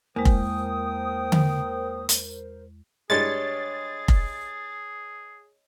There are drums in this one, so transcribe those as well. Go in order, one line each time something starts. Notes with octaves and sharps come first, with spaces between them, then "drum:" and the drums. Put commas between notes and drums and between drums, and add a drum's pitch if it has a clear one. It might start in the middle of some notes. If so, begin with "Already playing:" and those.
E2 G#3 A#3 A#4 C5 G5 D#6
drum: kick F1
drum: tom D3
drum: hi-hat
G2 G3 G#3 G#4 C#5 D#5 A6
drum: kick F1